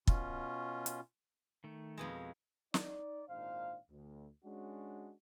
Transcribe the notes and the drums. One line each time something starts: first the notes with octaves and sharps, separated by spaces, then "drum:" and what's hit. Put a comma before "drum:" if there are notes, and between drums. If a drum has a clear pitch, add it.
B2 C#4 F4, drum: kick
drum: hi-hat
D#3 A3
F2 B2 G#3
D#4 D5, drum: snare
G#1 A#2 D4 D#4 C5 F5
D2
G#3 C#4 D4 F#4